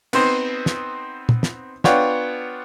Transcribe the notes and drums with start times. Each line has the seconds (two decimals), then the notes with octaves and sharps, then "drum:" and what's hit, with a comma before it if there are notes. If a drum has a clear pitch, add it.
0.13 B3 C4 D#4 C5, drum: cymbal
0.66 drum: snare
1.29 drum: tom
1.43 drum: snare
1.84 B3 D4 F4 C#5 F#5 G5, drum: snare